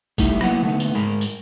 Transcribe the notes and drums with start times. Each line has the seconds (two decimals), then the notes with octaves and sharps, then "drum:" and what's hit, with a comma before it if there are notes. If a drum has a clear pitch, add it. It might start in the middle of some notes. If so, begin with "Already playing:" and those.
0.18 G3 A3 D#4 E4, drum: kick, tambourine
0.41 F#3 A#3 B3 E4 F#5, drum: rim click
0.63 D3 A3 B3 D#4
0.80 drum: tambourine
0.95 G#2 G#3 A#4 B5
1.21 drum: tambourine